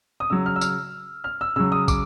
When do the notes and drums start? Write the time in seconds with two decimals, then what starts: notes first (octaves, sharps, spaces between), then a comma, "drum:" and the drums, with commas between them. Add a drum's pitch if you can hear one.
0.20 D#6
0.30 C#3 F#3 E6
0.46 F6
0.56 E6
0.61 F6, drum: tambourine
1.24 F6
1.41 E6
1.56 C#3 F#3 E6
1.72 D#6
1.88 D6, drum: kick, tambourine